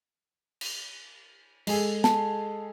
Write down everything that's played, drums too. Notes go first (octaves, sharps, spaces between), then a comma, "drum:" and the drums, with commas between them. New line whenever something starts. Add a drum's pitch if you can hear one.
drum: cymbal
G#3 G#4 A4, drum: cymbal
A5, drum: snare